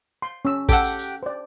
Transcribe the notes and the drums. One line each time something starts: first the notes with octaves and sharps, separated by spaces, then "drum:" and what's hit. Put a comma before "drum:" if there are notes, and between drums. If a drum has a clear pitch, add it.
C6
C#4 E6
G4 A4 F#5 E6, drum: kick A1, tambourine
drum: tambourine
drum: tambourine
C5 D5